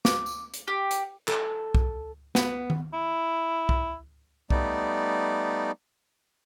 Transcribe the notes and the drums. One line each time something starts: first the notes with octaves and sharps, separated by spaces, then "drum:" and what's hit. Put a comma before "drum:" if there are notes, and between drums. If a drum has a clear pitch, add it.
D6, drum: snare
drum: tambourine
drum: hi-hat
G4
drum: hi-hat
A4, drum: clap
drum: kick B1
B3, drum: snare
drum: tom D#3
E4
drum: kick B1
G3 A3 B3 D#4 D5, drum: kick B1